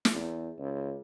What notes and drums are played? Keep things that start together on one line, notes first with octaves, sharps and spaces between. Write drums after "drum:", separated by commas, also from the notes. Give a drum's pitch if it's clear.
drum: snare
E2
C#2